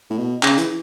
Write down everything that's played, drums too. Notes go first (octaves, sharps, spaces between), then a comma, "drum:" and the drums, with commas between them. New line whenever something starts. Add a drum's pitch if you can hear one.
A2
B2
C#3, drum: clap
E3, drum: hi-hat